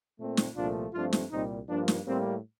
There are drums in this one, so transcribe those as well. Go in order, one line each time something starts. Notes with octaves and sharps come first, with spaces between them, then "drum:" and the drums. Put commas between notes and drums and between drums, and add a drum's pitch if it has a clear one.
A#2 A3 C4
drum: snare
C2 A#2 F3 A3 D4 F4
G2 F3 A3 C4 D4 F4
drum: snare
C2 A#2 G3 C4 D#4
G2 F3 A#3 D4
drum: snare
A2 G3 A#3 C4